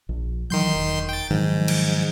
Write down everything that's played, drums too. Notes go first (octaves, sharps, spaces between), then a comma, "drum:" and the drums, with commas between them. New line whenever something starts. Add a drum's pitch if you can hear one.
A#1
D#3 E3 F#3 C6 G6
E1
G5 A6
G#2 D#3 F3 F#3
drum: cymbal